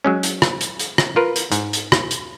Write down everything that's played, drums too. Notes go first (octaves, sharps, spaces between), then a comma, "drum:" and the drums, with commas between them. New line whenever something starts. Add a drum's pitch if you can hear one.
F#3 G#3 C#4
drum: hi-hat
drum: rim click
drum: hi-hat
drum: hi-hat
drum: rim click
F4 A#4 B4
drum: hi-hat
G#2, drum: hi-hat
drum: hi-hat
drum: rim click
drum: hi-hat